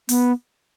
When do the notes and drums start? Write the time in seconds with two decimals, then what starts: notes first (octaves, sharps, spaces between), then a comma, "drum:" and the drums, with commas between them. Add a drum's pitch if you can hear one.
0.09 B3, drum: open hi-hat